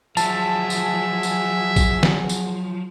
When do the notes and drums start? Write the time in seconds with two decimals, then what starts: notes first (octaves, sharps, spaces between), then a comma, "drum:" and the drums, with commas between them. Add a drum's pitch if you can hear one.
0.17 F3 F#3 G#4 E5 F#5 G#5 A5, drum: tambourine
0.70 drum: tambourine
1.23 drum: tambourine
1.76 drum: kick A#1, tambourine
2.03 drum: snare
2.29 drum: tambourine